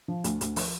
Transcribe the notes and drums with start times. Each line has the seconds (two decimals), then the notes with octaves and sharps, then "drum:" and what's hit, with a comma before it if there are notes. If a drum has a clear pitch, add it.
0.08 F3
0.24 D2, drum: hi-hat
0.41 D2, drum: hi-hat
0.56 F3, drum: open hi-hat